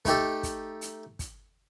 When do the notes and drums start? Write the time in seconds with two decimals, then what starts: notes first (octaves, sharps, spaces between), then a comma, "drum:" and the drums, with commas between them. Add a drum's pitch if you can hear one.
0.05 A3 D#4 G4 A4, drum: kick, hi-hat
0.43 drum: kick, hi-hat
0.81 drum: hi-hat
1.19 drum: kick, hi-hat